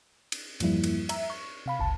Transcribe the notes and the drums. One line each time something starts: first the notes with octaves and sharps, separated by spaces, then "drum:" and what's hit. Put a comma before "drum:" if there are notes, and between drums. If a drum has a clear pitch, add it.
drum: cymbal
E2 G2 F3 G3 A#3 E4, drum: cymbal
drum: cymbal
E5 A#5, drum: cymbal
C#6
C3 F5 B5
G1 C#2 A5